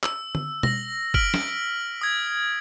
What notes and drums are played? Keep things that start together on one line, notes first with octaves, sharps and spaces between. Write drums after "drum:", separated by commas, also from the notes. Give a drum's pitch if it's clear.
E6, drum: clap
drum: tom D3
A#6 F#7, drum: tom B2
F6 A#6 B6 D7 F#7, drum: kick F#1
drum: snare
D#6 G#6